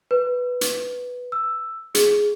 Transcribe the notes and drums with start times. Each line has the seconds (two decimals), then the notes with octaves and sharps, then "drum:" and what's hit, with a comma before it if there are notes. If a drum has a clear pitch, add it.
0.11 B4
0.61 drum: hi-hat
1.32 E6
1.95 G#4, drum: hi-hat